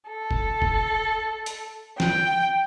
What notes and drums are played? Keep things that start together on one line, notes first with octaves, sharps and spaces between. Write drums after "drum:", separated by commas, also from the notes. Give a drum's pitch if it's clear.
A4
drum: kick F1
drum: kick F1
drum: hi-hat
G5, drum: snare